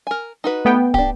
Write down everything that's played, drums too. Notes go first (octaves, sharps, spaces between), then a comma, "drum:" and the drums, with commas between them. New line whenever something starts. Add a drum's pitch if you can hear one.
A#4 G#5
D#4 F#4 B4
A3 B3 G5
D4 G4, drum: kick